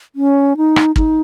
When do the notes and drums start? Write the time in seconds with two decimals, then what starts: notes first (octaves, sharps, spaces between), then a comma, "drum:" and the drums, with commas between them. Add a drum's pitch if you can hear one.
0.15 C#4
0.57 D#4
0.76 drum: rim click
0.96 D#4, drum: kick